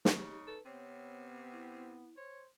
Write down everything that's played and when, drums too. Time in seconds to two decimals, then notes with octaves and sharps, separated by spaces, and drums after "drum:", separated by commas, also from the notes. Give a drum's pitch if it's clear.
0.05 C#3 D#4 G4, drum: snare
0.47 A4 B4
0.65 C3 B3 C4 C#5
1.52 E4
2.17 C5 C#5